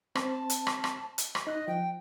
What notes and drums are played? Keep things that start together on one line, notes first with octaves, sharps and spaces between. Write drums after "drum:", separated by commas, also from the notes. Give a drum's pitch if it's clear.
C4 C5 A5, drum: rim click
drum: hi-hat
drum: rim click
drum: rim click
drum: hi-hat
drum: rim click
D#4 D#5 F#6
F3 G5